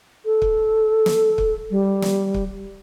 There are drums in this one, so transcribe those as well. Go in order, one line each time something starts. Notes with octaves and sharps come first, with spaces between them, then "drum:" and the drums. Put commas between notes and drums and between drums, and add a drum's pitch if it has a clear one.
A4
drum: kick
drum: snare
drum: kick
G3
drum: snare
drum: kick